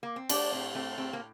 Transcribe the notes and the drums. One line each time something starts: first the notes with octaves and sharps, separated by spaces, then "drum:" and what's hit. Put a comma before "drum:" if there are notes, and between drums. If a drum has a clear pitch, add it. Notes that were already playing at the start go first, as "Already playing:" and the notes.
A#3
C4
A3 D4, drum: cymbal
A2 C4
A3 C4
A2 C4
A#3